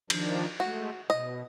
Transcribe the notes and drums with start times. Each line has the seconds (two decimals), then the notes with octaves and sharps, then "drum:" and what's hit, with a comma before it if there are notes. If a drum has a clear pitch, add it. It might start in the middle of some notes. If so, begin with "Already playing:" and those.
0.10 D#3 F3 D4, drum: cymbal
0.60 G#3 A3 F#4
1.10 B2 D#5